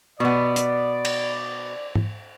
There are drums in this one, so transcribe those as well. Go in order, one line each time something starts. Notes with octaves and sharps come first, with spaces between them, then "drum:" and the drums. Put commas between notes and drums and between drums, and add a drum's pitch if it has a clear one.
B2 B3 D5
drum: hi-hat
drum: cymbal
drum: tom G#2